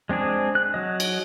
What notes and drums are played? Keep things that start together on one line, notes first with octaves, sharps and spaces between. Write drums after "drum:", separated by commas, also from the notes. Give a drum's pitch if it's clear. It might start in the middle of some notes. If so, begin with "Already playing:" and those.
G#3 C4 D4 G#4
F#6
F#3 D#5
drum: cymbal